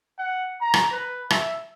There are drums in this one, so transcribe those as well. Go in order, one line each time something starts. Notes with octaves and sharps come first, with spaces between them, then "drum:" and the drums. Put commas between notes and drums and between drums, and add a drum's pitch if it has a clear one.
F#5
A#5
drum: rim click
B4
E5, drum: rim click